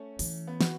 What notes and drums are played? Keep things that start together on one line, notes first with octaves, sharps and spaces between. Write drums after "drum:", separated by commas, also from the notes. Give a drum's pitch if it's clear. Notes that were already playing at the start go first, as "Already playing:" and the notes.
Already playing: A3 C#4
E3, drum: open hi-hat
B3
F#4, drum: snare